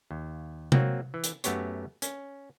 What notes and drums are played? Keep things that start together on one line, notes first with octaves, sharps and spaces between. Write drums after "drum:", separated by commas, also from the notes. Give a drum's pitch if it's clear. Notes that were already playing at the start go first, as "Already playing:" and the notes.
D#2
F#3 A#3 C4, drum: tom C3
E3
drum: hi-hat
F#2 A3 B3 G4 C#5, drum: hi-hat
C#4, drum: hi-hat